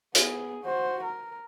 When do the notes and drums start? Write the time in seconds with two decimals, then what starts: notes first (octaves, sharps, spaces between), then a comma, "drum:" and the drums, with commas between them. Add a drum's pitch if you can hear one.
0.15 B3 G#4, drum: hi-hat
0.64 F#4 C5
1.03 A#4